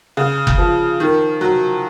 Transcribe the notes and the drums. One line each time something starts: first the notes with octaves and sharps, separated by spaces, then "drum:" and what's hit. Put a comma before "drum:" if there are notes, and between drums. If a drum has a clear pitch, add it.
C#3
drum: kick F#1
F3
D#3
F#3